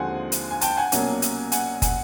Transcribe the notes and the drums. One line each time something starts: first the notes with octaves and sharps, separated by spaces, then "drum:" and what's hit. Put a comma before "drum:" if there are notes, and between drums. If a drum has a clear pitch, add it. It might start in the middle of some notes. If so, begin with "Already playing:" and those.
Already playing: D#2 D3 F3 G#3 C4 F#5 G#5
drum: hi-hat
G#5
G5 A5, drum: hi-hat
F#5 G#5
C2 B2 F#3 A#3 C#4, drum: hi-hat
drum: hi-hat
F#5 G#5, drum: hi-hat
F#5 G#5, drum: kick, hi-hat